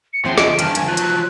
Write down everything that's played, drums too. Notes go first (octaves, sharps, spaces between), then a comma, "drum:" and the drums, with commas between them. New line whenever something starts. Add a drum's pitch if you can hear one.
C#7
C#3 E3 F3 B3 C4 C6
G4 D#5 F#5 D7, drum: snare
G2 D#3 E3 A5 F6, drum: hi-hat
G#5, drum: hi-hat
F3 F#3 F#6
drum: hi-hat